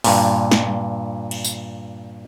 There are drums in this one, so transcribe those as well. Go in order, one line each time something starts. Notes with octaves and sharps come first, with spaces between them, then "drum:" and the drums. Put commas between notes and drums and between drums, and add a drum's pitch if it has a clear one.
G2 A#2, drum: open hi-hat
drum: snare
drum: cymbal
drum: tambourine